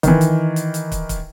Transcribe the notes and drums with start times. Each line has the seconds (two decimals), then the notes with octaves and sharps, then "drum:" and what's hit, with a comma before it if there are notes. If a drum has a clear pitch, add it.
0.03 D#3 E3, drum: kick, hi-hat
0.21 drum: hi-hat
0.56 drum: hi-hat
0.74 drum: hi-hat
0.92 drum: kick, hi-hat
1.09 drum: kick, hi-hat